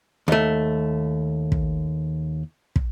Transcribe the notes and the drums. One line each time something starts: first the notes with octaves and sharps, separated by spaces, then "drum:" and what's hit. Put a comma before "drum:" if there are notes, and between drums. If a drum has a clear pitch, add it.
D#2 A3
drum: kick
drum: kick